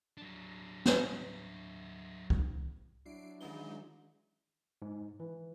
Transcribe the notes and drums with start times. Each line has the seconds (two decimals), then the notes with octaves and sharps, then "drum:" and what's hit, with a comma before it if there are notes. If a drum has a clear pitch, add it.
0.17 F#3 D4
0.86 drum: snare
2.30 drum: kick C2
3.06 F#3 D4 E4 C7 D7
3.41 D#3 E3 G#3 C#4 D#4 G7
4.82 G#2
5.20 E3